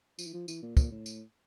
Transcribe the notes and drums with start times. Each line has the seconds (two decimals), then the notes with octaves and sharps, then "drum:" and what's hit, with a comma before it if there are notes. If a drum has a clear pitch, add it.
0.19 F3, drum: tambourine
0.27 E3
0.33 F3
0.48 E3, drum: tambourine
0.62 A#2
0.77 A#2, drum: kick, tambourine
0.92 A2
1.06 drum: tambourine